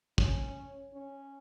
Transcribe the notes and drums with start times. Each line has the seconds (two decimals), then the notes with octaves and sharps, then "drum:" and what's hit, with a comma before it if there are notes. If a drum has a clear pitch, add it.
0.18 C#4, drum: kick
0.94 C#4